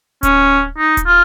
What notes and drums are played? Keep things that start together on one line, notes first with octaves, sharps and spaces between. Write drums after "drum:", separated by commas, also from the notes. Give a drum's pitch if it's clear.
C#4, drum: kick D1, hi-hat
D#4
drum: kick D1, hi-hat
F4